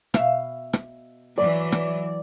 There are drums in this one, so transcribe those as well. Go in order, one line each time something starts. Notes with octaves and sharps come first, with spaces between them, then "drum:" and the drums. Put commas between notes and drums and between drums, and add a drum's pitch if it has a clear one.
B2 E5 F5, drum: rim click
drum: rim click
E3 F#3 D5
drum: rim click